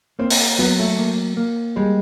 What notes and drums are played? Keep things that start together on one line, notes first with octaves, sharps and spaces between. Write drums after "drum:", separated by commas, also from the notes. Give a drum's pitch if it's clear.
A#3 C4
drum: open hi-hat
F#3 B3
A3
A#3
A#3
G3 G#3